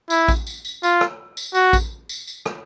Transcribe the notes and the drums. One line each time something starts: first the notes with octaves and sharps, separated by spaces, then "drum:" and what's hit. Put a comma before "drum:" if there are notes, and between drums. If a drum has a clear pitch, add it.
E4, drum: tambourine
drum: kick A1, tambourine
drum: tambourine
drum: tambourine
F4, drum: tambourine
drum: rim click
drum: tambourine
F#4, drum: tambourine
drum: kick A1, tambourine
drum: tambourine
drum: tambourine
drum: rim click